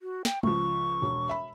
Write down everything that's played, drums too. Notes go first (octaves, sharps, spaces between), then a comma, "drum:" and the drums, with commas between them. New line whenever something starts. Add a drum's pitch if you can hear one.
F#4
G5, drum: snare
C#2 F3 C#6, drum: tom G#3
E1
E5 B5